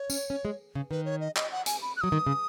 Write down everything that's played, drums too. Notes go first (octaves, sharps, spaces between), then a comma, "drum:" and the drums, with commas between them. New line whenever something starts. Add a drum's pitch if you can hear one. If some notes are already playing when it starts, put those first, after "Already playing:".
Already playing: C#5
C#4, drum: tambourine
C#4
G#3
C#3
D#3 B4
C#5
D#5
D#5, drum: clap
F#5
G#5, drum: hi-hat
B5
F#6
F#3 D#6
D#3
C#3